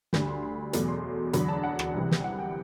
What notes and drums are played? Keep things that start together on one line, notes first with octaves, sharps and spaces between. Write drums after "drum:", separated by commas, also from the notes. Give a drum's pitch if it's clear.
D2 D3 G3 B5, drum: snare
C6
B5
E2 B2 F#3 A3, drum: hi-hat
C6
E2 D3 F#3 B5, drum: hi-hat
A5
F#5
drum: rim click
C2 C3 E3
drum: snare
F#5
G5